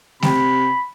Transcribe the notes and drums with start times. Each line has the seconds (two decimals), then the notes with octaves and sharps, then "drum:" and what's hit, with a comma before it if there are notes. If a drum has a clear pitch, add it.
0.22 C3 B5, drum: snare A3